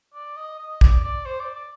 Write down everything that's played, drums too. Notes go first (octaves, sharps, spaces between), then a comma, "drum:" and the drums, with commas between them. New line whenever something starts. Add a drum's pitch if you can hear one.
D5
D#5
D#5
D5, drum: kick
D5
C5
D5
D5